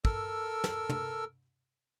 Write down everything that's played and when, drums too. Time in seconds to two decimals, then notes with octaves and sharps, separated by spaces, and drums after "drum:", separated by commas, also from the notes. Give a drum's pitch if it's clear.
0.05 A4 A#4 E6, drum: kick
0.64 drum: snare
0.89 drum: tom